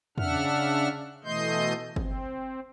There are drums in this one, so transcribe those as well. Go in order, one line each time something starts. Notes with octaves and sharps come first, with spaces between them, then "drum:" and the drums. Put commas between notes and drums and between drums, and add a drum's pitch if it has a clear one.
C#3 D4 E5 F#5 F6, drum: tom E2
B2 E3 A3 D#5 C6 G6
C4, drum: kick